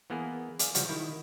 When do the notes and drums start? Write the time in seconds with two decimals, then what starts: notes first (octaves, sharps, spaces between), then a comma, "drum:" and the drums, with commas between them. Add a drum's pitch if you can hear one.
0.10 E3 A#3 B3 E4 G#4
0.59 G#4 D5 F5, drum: hi-hat
0.75 C#3 F3 G3 F#4, drum: hi-hat
0.89 D#3 E4